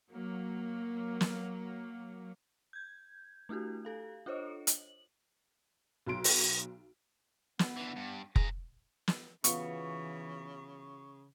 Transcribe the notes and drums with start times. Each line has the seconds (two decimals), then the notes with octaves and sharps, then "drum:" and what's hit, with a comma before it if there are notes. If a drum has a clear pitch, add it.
0.12 F#3 A#3
1.21 drum: snare
2.73 G6 G#6
3.49 A3 D4 E4 F#4 G4
3.85 G4 A4 F5
4.26 D4 F4 A4 C5 C#5 D#5
4.67 F#7, drum: hi-hat
6.07 B1 F#3 C6 D7
6.24 drum: open hi-hat
7.59 B3, drum: snare
7.76 D3 E3
7.96 G2
8.36 C#3 G#4 A#5, drum: kick F1
9.08 drum: snare
9.44 C#3 E3 B3 F4 F#4 C#6, drum: hi-hat